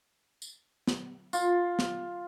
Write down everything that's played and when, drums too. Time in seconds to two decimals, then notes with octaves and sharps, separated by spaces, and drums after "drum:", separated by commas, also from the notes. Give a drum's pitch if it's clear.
0.42 drum: tambourine
0.87 drum: snare
1.33 F4, drum: tambourine
1.79 drum: snare